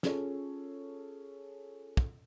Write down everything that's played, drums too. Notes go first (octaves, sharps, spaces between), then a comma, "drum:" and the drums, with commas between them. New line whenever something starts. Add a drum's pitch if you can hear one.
C#4 F4 G#4 A4 C#5, drum: snare
drum: kick